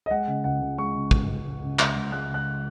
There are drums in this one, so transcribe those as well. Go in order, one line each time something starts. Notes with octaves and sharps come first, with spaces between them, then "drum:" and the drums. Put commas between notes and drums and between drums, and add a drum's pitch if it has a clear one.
D#5
G#3 F#5
C#3
C#2 F#5
C#2
G#3 C#6
C#3
C#2, drum: kick
C#2
G#3
C#3
C#2, drum: clap
C#2
G#3 F#6
C#3
F#6